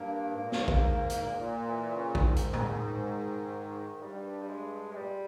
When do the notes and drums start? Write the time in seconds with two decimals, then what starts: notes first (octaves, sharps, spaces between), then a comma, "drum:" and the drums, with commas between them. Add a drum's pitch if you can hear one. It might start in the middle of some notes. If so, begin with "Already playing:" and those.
Already playing: G2 A#3
0.29 G#2
0.41 A#2
0.52 G#2, drum: snare
0.68 drum: kick A1
1.10 drum: hi-hat
1.22 A#2 A#3
1.29 G#2
1.37 A#2
1.68 E3
1.93 C#3
2.15 G#2 D#3, drum: kick A1
2.36 drum: hi-hat
2.53 drum: tom A2
3.92 G#2
4.02 G2 G3
4.42 G3
4.49 G#3
4.91 G#3
4.95 A#2 G3